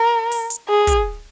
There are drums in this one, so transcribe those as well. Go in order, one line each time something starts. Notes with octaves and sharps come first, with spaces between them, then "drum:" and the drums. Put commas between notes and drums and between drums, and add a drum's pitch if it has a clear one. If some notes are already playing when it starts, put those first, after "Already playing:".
Already playing: A#4
drum: open hi-hat
drum: hi-hat
G#4
drum: kick, hi-hat